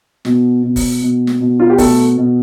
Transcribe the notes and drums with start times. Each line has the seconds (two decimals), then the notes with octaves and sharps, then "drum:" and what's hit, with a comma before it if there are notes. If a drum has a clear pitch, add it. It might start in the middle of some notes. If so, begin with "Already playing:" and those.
0.25 B2, drum: snare
0.63 B2
0.76 drum: kick, open hi-hat
1.02 B2
1.27 drum: snare
1.40 B2
1.60 F4
1.70 G4
1.78 B2 A3 A4, drum: kick, open hi-hat
2.17 B2